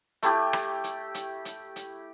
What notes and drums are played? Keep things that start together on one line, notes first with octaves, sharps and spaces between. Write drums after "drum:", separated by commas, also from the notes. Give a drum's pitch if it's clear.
A3 E4 G4, drum: hi-hat
drum: rim click
drum: hi-hat
drum: hi-hat
drum: hi-hat
drum: hi-hat